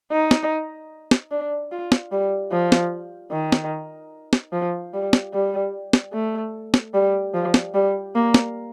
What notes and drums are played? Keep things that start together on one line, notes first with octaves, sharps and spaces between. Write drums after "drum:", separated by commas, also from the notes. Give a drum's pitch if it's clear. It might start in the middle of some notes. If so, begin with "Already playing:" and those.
D#4
drum: snare
drum: snare
D4
F4
drum: snare
G3
F3
drum: snare
D#3
drum: snare
drum: snare
F3
G3
drum: snare
G3
drum: snare
A3
drum: snare
G3
F3
drum: snare
G3
A#3
drum: snare